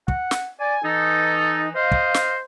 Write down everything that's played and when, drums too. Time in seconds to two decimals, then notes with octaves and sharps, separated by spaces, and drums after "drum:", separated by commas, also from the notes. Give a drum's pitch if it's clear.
0.08 F#5, drum: kick
0.31 drum: snare
0.60 D5 G#5
0.84 E3 D#4 A4
1.75 C5 D#5 F5
1.91 drum: kick
2.14 drum: snare